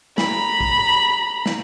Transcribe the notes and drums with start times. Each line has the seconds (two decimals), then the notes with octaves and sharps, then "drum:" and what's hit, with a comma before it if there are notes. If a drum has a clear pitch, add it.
0.18 A#5 B5, drum: snare
0.60 drum: kick
1.46 drum: snare